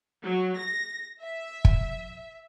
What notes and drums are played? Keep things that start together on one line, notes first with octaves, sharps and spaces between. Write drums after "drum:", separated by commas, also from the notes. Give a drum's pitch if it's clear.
F#3
A#6
E5
drum: kick